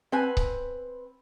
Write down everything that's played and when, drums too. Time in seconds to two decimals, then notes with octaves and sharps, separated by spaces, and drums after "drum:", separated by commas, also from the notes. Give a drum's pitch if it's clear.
0.12 C4 B4 G#5
0.37 drum: kick C#1